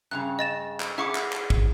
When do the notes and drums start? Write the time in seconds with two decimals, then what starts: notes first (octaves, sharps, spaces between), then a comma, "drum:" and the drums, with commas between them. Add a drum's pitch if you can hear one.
0.11 G2 C#3 A#5 F#6
0.39 D#5 A6 E7
0.80 drum: clap
0.98 E4 G#4 E5 F#5 C#6 D6
1.15 drum: clap
1.33 drum: clap
1.50 drum: kick